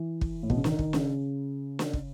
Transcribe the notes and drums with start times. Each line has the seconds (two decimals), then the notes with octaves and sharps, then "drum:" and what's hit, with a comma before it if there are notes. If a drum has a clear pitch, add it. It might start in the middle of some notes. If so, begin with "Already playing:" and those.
Already playing: E3
0.21 drum: kick
0.43 A2
0.50 B2, drum: kick
0.56 C#3
0.64 D#3, drum: snare
0.79 drum: kick
0.93 C#3, drum: snare
1.79 drum: snare
1.93 drum: kick